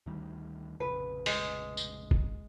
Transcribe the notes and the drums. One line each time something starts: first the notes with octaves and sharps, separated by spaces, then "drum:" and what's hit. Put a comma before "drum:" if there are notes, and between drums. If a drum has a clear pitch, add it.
D2 D#3 G3
F1 A#1 C#3 B4
G#3, drum: open hi-hat
drum: tambourine
drum: kick